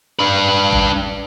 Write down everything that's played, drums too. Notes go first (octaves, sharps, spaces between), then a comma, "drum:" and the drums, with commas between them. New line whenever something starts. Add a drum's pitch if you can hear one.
D4 B4
drum: kick G#1